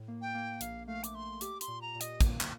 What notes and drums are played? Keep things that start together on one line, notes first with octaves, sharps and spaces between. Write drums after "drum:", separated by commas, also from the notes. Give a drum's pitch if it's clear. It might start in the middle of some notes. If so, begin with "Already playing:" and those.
Already playing: A2
A#3
G5
A#3
A#1 F5, drum: hi-hat
A3 F5
D6, drum: hi-hat
A3 C6
G4 D6, drum: hi-hat
C6, drum: hi-hat
A#2
A#5
A#2
D#5, drum: hi-hat
A#3, drum: kick, hi-hat
drum: clap